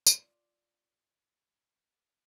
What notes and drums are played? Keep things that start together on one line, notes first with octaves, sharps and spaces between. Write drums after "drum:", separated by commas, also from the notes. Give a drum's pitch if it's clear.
F4 D5, drum: tambourine